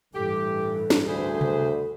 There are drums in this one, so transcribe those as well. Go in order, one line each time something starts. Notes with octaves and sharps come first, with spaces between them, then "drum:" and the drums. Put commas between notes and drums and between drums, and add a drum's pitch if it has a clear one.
A1 G2 E3 G4 A4
drum: snare
D2 G#4 B4 C5
drum: tom C3